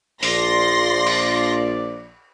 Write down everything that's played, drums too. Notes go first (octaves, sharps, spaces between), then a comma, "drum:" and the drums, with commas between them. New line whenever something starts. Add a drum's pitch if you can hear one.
A#1 F3 D5 C6 A#6, drum: open hi-hat
drum: cymbal